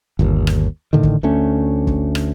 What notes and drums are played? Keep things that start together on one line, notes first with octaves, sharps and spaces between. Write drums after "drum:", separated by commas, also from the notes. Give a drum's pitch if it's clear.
G1 D#2, drum: kick
drum: rim click
A2 D3 D#3
drum: kick
D2 A3 C#4
drum: kick
drum: rim click